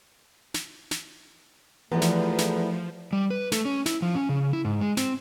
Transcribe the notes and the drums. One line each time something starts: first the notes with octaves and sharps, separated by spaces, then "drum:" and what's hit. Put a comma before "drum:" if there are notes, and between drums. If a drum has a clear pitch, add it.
drum: snare
drum: snare
E2 E3 F3 G3 A3 B3
drum: snare
drum: snare
G3
B4
A3, drum: snare
C#4
E4, drum: snare
F3
C#4
C#3
E4
G#2
G#3
C4, drum: snare